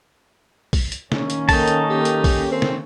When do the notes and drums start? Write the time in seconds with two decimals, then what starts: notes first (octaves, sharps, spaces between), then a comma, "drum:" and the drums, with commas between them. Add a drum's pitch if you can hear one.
0.73 drum: kick, open hi-hat
0.92 drum: hi-hat
1.12 D#3 A#3 C#4, drum: snare
1.30 drum: hi-hat
1.49 D#4 A4 A#4 G5 A5, drum: kick, open hi-hat
1.68 drum: hi-hat
1.90 G4
2.05 drum: hi-hat
2.24 drum: kick, open hi-hat
2.52 C4
2.62 drum: snare